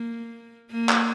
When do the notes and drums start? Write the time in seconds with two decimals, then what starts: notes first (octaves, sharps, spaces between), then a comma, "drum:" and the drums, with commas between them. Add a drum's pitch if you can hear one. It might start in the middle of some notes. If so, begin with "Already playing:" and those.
Already playing: A#3
0.71 A#3
0.89 drum: clap